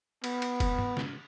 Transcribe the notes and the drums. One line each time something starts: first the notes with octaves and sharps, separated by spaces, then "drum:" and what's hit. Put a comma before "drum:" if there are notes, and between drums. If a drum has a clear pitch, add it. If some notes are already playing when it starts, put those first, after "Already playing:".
B3, drum: cymbal
drum: cymbal
drum: kick F1, cymbal
drum: tom G2
drum: snare